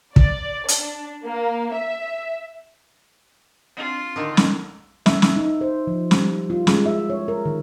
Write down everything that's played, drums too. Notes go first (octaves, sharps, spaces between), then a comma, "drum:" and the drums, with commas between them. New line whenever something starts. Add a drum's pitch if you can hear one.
D5, drum: kick
D4, drum: hi-hat
A#3
E5
C4 D4 F4
D3 D#3 A#4 D#5
drum: snare
E5, drum: snare
drum: snare
D#4
C5
F3
G3, drum: snare
F4
G#3, drum: snare
E5
C#5
A#4
D#3